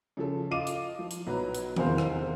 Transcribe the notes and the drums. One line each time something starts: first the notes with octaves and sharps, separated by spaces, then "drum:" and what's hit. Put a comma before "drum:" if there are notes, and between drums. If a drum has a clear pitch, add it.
C#3 F3 A4
F4 D#5 F5 D6 D#7
drum: hi-hat
F3
drum: hi-hat
B1 F#3 B4 A#5
drum: hi-hat
F1 E2 A#4 C5 F5, drum: tom D#3
drum: rim click